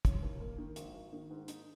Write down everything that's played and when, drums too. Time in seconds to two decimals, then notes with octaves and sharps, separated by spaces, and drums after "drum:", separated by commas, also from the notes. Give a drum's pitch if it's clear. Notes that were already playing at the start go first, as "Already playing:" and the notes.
0.05 C#4, drum: kick, hi-hat
0.23 D#2
0.40 A#3
0.58 D#3
0.76 G#1, drum: hi-hat
0.94 G#1
1.12 D#3
1.30 G#2
1.48 D#4, drum: hi-hat